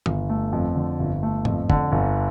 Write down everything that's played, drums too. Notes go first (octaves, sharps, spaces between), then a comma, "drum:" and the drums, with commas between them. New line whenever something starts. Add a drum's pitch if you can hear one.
G1, drum: tom D#3
A3
F2
D3
G1
A3
F2, drum: tom G#2
D3, drum: kick
G1